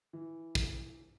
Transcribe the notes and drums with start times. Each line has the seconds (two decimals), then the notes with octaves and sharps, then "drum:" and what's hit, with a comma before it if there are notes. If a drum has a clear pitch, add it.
0.13 E3
0.55 drum: kick